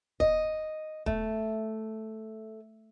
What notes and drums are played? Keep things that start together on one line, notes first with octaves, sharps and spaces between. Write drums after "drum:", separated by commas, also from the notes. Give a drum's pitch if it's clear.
D#5, drum: kick D#1
A3, drum: kick D#1